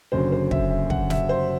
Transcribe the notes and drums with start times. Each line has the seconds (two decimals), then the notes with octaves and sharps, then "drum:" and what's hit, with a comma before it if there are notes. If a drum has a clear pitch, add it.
0.12 F#1 F#2 D3 C5
0.32 C5
0.51 E5, drum: kick
0.71 E5
0.90 F#5, drum: kick
1.10 E5, drum: snare
1.29 C5